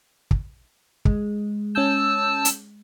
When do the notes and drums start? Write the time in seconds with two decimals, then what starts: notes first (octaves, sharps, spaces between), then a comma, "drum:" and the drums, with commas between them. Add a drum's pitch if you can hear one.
0.31 drum: kick
1.05 G#3, drum: kick
1.75 C#4 A5 E6 G6
2.45 drum: hi-hat